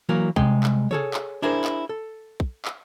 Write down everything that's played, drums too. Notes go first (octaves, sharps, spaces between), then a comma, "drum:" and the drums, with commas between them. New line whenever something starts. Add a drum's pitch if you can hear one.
E3 F#3 A#3
C2 C3 G#3 D#5 G5, drum: kick
drum: clap
G#4 A4 C#5, drum: tom
drum: clap
D4 E4 G#4 A#4 C5
drum: clap
A4
drum: kick
drum: clap